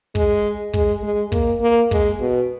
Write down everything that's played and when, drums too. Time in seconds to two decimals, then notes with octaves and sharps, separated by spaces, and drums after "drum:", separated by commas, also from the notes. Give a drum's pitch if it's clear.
0.15 G#3, drum: kick
0.73 G#3, drum: kick
1.03 G#3
1.32 A#3, drum: kick
1.61 A#3
1.91 G#3, drum: kick
2.20 B2